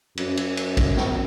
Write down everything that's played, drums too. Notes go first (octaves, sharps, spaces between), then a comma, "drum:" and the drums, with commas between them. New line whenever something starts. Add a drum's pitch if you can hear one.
F#2, drum: cymbal
drum: cymbal
drum: cymbal
drum: kick, cymbal
drum: snare